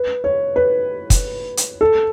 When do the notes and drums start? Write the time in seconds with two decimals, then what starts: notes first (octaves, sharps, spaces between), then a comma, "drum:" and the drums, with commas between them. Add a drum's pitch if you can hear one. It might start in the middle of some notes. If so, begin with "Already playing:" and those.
Already playing: B4
0.24 C#5
0.56 B4
1.10 drum: kick, hi-hat
1.57 drum: hi-hat
1.81 A4